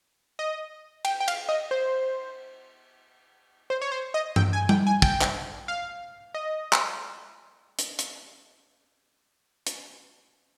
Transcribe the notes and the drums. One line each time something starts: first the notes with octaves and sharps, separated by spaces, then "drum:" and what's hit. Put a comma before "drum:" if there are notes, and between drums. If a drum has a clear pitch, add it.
D#5
G5, drum: cymbal
G5
F5, drum: cymbal
D#5
C5
C5
C#5
C5
D#5
G5, drum: tom G2
G#5
G5, drum: tom G3
G#5
G5, drum: kick
drum: clap
F5
D#5
drum: clap
drum: hi-hat
drum: hi-hat
drum: hi-hat